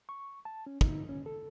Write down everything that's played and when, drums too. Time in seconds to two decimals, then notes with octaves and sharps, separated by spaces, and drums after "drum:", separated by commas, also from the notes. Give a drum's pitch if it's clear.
0.09 C#6
0.45 A5
0.66 C#4
0.81 D#4, drum: kick
1.09 C#4
1.26 A4